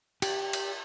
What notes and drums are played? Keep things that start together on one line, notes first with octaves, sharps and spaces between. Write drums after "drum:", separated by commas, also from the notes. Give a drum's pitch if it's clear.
G4, drum: cymbal
drum: cymbal